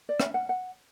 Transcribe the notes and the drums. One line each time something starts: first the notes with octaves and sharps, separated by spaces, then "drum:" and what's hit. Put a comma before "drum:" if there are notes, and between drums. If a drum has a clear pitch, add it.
D5
E5, drum: rim click
F#5
F#5